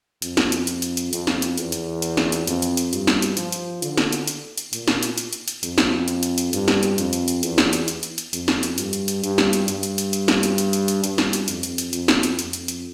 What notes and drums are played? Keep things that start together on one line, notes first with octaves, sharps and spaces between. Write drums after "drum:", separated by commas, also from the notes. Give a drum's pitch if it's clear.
F2, drum: hi-hat
drum: snare
drum: hi-hat
drum: hi-hat
drum: hi-hat
drum: hi-hat
F2, drum: hi-hat
drum: snare
drum: hi-hat
E2, drum: hi-hat
drum: hi-hat
drum: hi-hat
drum: snare
drum: hi-hat
F2, drum: hi-hat
drum: hi-hat
drum: hi-hat
G2, drum: hi-hat
drum: snare
drum: hi-hat
F3, drum: hi-hat
drum: hi-hat
D3, drum: hi-hat
drum: snare
drum: hi-hat
drum: hi-hat
drum: hi-hat
A#2, drum: hi-hat
drum: snare
drum: hi-hat
drum: hi-hat
drum: hi-hat
drum: hi-hat
F2, drum: hi-hat
drum: snare
drum: hi-hat
drum: hi-hat
drum: hi-hat
G2, drum: hi-hat
drum: snare
drum: hi-hat
F2, drum: hi-hat
drum: hi-hat
drum: hi-hat
E2, drum: hi-hat
drum: snare
drum: hi-hat
drum: hi-hat
drum: hi-hat
drum: hi-hat
F2, drum: hi-hat
drum: snare
drum: hi-hat
G2, drum: hi-hat
drum: hi-hat
drum: hi-hat
G2, drum: hi-hat
drum: snare
drum: hi-hat
G2, drum: hi-hat
drum: hi-hat
drum: hi-hat
drum: hi-hat
drum: snare
drum: hi-hat
drum: hi-hat
drum: hi-hat
drum: hi-hat
G2, drum: hi-hat
drum: snare
drum: hi-hat
F2, drum: hi-hat
drum: hi-hat
drum: hi-hat
F2, drum: hi-hat
drum: snare
drum: hi-hat
F2, drum: hi-hat
drum: hi-hat
drum: hi-hat